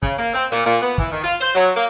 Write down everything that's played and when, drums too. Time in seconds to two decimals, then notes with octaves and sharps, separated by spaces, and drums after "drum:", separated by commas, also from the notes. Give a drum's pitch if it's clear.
0.03 C#3, drum: kick
0.18 A#3
0.33 C4
0.51 A#2, drum: hi-hat
0.66 A#2
0.80 B3
0.98 E3, drum: kick
1.12 D#3
1.24 F4
1.40 C5
1.55 F#3
1.75 A#3